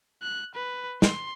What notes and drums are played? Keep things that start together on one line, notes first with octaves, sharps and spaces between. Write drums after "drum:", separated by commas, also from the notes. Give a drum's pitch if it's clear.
F#6
B4
C6, drum: snare